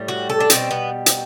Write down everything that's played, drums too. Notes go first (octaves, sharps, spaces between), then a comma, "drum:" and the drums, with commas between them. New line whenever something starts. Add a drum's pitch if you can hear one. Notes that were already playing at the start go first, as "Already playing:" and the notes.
Already playing: A2 G3
F#4
A4
D4
B2 G3 C4, drum: hi-hat
B3
drum: hi-hat